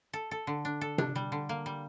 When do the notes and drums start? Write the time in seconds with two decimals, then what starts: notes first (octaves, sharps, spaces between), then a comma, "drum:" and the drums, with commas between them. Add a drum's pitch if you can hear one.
0.13 A4
0.31 A4
0.47 D3
0.65 D4
0.81 A4
0.98 D4, drum: tom C3
1.15 G3
1.32 D3
1.49 A#3
1.66 G3